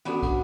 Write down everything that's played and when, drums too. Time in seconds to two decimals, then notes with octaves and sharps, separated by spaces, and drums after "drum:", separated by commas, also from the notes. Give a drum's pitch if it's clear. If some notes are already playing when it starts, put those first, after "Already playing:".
0.05 B3 C#4 D4 F#4 A4, drum: cymbal
0.23 drum: kick, cymbal